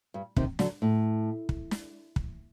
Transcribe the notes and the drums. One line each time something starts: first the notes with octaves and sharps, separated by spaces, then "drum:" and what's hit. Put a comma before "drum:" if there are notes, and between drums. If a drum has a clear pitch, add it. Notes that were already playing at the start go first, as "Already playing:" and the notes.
G2
C3 D#3, drum: kick
D3 F#3, drum: snare
A2
drum: kick
drum: snare
drum: kick